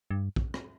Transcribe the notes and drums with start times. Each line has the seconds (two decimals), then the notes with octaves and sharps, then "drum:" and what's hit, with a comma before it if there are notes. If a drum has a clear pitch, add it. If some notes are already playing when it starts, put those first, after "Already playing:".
0.11 G2
0.36 drum: kick
0.54 drum: rim click